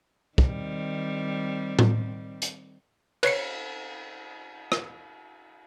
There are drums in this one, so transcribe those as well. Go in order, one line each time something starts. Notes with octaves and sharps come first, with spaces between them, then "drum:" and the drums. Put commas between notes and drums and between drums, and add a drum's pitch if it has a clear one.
D#3 G3 C4, drum: kick
drum: tom A2
drum: hi-hat
B4 C#5 C7 C#7, drum: cymbal
drum: rim click